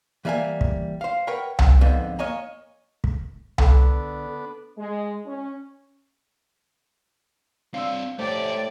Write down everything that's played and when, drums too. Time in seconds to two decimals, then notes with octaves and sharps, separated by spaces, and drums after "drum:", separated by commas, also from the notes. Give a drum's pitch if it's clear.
0.25 E3 G3 A#3 E5 G#5
0.61 drum: kick
1.01 C5 F5
1.27 A#4 B4 C#5 F#5 G5
1.59 F2 A#2, drum: tom C2
1.81 F2 G#2 D3 B3
2.19 A#3 C#5 D#5 G#5 A#5
3.04 drum: kick
3.58 D3 B3 D4, drum: tom C2
4.78 G#3
5.25 C#4
7.74 C4 D4 F5 C6 E6
8.19 A2 A3 G4 C5 D5